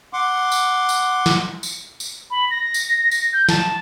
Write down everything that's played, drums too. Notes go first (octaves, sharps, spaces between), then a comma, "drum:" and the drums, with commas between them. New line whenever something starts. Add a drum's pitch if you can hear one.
F#5 C6 D6
drum: tambourine
drum: tambourine
drum: snare
drum: tambourine
drum: tambourine
B5
A#6
drum: tambourine
drum: tambourine
G6
A5, drum: snare